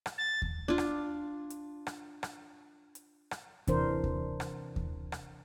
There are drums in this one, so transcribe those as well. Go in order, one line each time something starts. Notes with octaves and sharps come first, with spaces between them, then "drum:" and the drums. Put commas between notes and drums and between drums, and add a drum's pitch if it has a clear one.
drum: rim click
A6
drum: kick D#2
D4 F4
drum: rim click
drum: hi-hat
drum: rim click
drum: rim click
drum: hi-hat
drum: rim click
C3 E3 D4 A#4 C5, drum: kick D#2, hi-hat
drum: kick D#2
drum: rim click
drum: kick D#2
drum: rim click